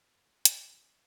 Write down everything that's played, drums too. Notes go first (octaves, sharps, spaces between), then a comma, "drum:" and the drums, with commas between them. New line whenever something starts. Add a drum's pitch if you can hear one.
A2
G#2, drum: hi-hat
B2